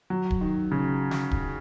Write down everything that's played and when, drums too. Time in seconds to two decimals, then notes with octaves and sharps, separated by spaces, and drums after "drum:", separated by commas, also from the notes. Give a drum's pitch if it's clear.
0.10 F#3
0.31 drum: kick D1
0.41 D#3
0.71 C#3
1.11 drum: snare
1.31 drum: kick D1